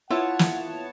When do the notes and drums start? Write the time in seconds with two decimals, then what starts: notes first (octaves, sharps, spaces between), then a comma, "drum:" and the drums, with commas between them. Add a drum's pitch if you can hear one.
0.11 B3 E4 F4 C#5 F#5 A5
0.39 drum: snare